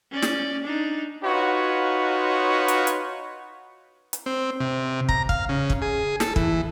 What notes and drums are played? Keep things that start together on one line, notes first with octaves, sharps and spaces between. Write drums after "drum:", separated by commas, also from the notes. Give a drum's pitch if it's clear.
C#4 D5
drum: snare
D4 D#4
D#4 F4 F#4 B4 C#5
drum: hi-hat
drum: hi-hat
drum: hi-hat
C4
C3
A#5, drum: kick
F5, drum: kick
C#3
drum: kick
G#4
A4, drum: snare
E3, drum: kick